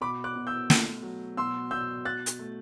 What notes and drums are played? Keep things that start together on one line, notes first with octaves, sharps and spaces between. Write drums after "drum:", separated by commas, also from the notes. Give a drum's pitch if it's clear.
B2 B5 D6
D6 F#6
B2
E6 G6
A3, drum: snare
F#3
B2 C6 E6
B2 E6 G6
B2 F#6 A6
drum: hi-hat
A3